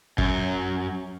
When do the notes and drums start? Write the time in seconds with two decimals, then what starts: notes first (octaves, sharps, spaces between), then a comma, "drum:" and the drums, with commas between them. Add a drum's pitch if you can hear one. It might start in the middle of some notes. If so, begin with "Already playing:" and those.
0.18 F#2, drum: kick G#1